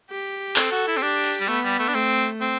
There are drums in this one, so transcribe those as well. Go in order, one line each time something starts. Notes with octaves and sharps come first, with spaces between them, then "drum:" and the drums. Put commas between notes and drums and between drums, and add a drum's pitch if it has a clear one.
G4
C4 A4, drum: clap
F#4
E4
C4
D4 G4
drum: open hi-hat
G3
A3 B3
G3
A3
D4
A3 C4
C4